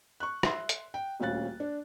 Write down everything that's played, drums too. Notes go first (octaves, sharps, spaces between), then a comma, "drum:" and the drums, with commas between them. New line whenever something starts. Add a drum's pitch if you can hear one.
C#6 F#6
E5 C6, drum: rim click
drum: hi-hat
G5
D#1 D2 C#4 F5 F#6 A6
D4